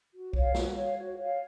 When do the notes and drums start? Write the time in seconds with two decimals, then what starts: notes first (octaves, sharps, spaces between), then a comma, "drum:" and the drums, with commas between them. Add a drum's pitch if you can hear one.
0.13 F#4
0.33 C#5 F5, drum: kick B1
0.54 F#4, drum: snare
0.76 C#5 F5
0.96 F#4
1.17 C#5 F5